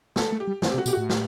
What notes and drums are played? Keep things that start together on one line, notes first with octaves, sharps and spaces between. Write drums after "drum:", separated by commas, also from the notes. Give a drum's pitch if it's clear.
B3 A4, drum: snare
A3
G4
G3
E3 C4, drum: snare
G4
C3
F#4
B2 G4, drum: tambourine
A2 F#4
G4, drum: snare